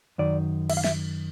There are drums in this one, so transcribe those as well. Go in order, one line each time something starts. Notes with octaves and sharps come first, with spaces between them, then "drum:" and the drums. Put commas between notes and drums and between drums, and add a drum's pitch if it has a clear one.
F#2 D#3 D5
E5, drum: cymbal
F5
E5, drum: snare